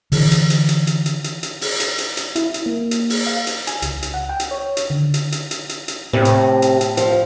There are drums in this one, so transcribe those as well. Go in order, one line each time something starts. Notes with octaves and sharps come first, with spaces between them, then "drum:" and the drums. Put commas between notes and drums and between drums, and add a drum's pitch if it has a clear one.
D3 E3, drum: open hi-hat
drum: hi-hat
drum: hi-hat
drum: hi-hat
drum: hi-hat
drum: hi-hat
drum: hi-hat
drum: hi-hat
drum: open hi-hat
drum: hi-hat
drum: hi-hat
drum: hi-hat
E4, drum: hi-hat
drum: hi-hat
A#3
drum: hi-hat
drum: open hi-hat
F5
drum: hi-hat
G#5, drum: hi-hat
C#2, drum: hi-hat
drum: hi-hat
F#5
G5
drum: hi-hat
C#5
drum: hi-hat
D3
drum: hi-hat
drum: hi-hat
drum: hi-hat
drum: hi-hat
drum: hi-hat
A2 C3
drum: hi-hat
drum: hi-hat
drum: hi-hat
F3, drum: hi-hat